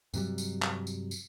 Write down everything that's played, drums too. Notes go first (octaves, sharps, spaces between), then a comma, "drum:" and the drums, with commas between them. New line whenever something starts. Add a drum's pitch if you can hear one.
G2 C3 F#3 G3, drum: tambourine
drum: tambourine
drum: clap
drum: tambourine
drum: tambourine